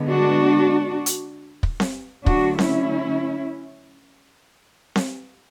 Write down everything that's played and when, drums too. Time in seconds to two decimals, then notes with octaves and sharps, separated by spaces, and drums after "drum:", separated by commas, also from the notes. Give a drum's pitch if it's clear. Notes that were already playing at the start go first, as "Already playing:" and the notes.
Already playing: D3 G#3 B3
0.09 D4 F#4
1.06 drum: hi-hat
1.63 drum: kick
1.80 drum: snare C4
2.26 D3 F#3 A3 D4 F#4, drum: kick
2.59 C#4 E4, drum: snare C4
4.96 drum: snare C4